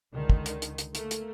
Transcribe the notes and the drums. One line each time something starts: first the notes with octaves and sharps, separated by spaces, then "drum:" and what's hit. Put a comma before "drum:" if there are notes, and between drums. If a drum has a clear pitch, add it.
C#2 D3 D#3
drum: kick
drum: hi-hat
drum: hi-hat
drum: hi-hat
A3 A#3, drum: hi-hat
drum: hi-hat